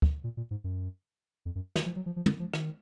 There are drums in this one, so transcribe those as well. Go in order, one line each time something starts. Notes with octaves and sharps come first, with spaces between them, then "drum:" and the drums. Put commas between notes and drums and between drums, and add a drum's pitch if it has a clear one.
drum: kick
A#2
A#2
G#2
F#2
F2
F#2
D#3, drum: snare
F3
F#3
F3
F3
D3, drum: tom
F3
D#3, drum: rim click